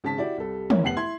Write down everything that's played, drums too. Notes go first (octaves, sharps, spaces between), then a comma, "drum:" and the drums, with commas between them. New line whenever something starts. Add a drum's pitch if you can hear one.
G#1 C#3 G#4 A5 B6
E4 F#4 G4 D5
C2 G3 A4
C#4 E4 A#4 C#5, drum: tom
F1 B3 F#5 C7 F#7
E4 C6 G#6